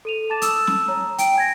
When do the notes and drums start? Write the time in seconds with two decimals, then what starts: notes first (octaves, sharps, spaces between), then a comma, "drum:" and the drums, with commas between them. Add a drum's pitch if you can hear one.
0.05 A4 D#7 F7
0.30 A5 D6 A6 E7
0.42 D#6 E6 E7, drum: hi-hat
0.67 drum: snare
0.88 C#5 A#5
1.18 G5 D7, drum: hi-hat
1.36 G#5 G#6 A#6